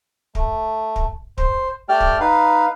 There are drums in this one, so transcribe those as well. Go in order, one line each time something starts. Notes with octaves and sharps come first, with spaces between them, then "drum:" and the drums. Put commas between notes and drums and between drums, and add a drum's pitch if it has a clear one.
A3, drum: kick
drum: kick
C5, drum: kick
A3 G4 D5 G5 F6
drum: kick
D#4 B4 F5